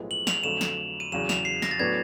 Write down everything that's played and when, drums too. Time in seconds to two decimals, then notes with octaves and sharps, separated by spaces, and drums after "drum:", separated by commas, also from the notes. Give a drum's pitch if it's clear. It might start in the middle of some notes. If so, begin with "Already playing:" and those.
Already playing: B1 A2 F3 G#3 B3
0.11 F#7
0.27 F7, drum: snare
0.43 F2 D3 F#3 A3 E7
0.61 drum: snare
1.00 D#7
1.12 E2 C#3 F#3 E7
1.29 F7, drum: snare
1.45 C7
1.62 A#6, drum: snare
1.71 A6
1.79 A2 F#3 B3 D4 G#6